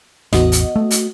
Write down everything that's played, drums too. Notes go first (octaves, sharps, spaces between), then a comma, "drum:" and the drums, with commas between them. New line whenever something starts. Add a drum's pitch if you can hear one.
A1 E2 B3 F#4 D#5, drum: snare
drum: hi-hat
A3
drum: hi-hat